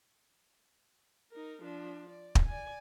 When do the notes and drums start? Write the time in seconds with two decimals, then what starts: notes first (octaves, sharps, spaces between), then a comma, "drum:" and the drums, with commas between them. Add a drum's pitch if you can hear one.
1.31 D#4 A#4
1.62 F3 D4
2.10 D5
2.35 drum: kick
2.46 D5 G#5